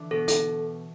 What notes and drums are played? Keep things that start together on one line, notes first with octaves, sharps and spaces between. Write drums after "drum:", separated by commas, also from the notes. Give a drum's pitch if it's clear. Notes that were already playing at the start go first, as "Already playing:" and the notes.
Already playing: D3 E3 D4
B2 A4
A4, drum: hi-hat